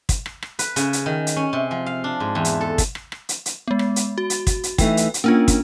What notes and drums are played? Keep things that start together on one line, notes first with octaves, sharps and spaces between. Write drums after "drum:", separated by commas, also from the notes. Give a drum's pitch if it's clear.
drum: kick, hi-hat
drum: rim click
drum: rim click
B4, drum: hi-hat
C#3, drum: hi-hat
drum: hi-hat
D#3
drum: hi-hat
C#4
C3
F3
F5
D4
G#2
E2
drum: hi-hat
A4
drum: kick, hi-hat
drum: rim click
drum: rim click
drum: hi-hat
drum: hi-hat
G#3 B3
drum: rim click
drum: hi-hat
F#4
drum: hi-hat
drum: kick, hi-hat
drum: hi-hat
E3 A3 D#4 G5, drum: kick, hi-hat
drum: hi-hat
drum: hi-hat
A#3 C#4 D4 F4 C#5
drum: kick, hi-hat